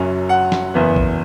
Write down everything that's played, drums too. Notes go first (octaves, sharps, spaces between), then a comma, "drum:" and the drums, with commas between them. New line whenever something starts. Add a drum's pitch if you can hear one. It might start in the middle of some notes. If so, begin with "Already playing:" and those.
Already playing: F#1 F#2 F#3 C#4
F#5
drum: snare
F#1 E2 E3 B3
drum: kick